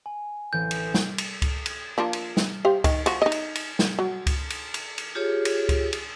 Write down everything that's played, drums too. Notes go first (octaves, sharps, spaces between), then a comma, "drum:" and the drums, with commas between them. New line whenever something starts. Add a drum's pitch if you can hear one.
G#5
A1 E3 C4 G6
drum: cymbal
drum: snare
drum: cymbal
drum: kick C#2, cymbal
drum: cymbal
F3 A#3 D4
drum: cymbal
drum: snare
G4 C5 F5
D#3, drum: kick C#2, cymbal
F3 F#4, drum: cymbal
D#4 D#5
drum: cymbal
drum: cymbal
drum: snare
F#3
drum: kick C#2, cymbal
drum: cymbal
drum: cymbal
drum: cymbal
F4 G4 G#4 C#5
drum: cymbal
drum: kick C#2, cymbal
drum: cymbal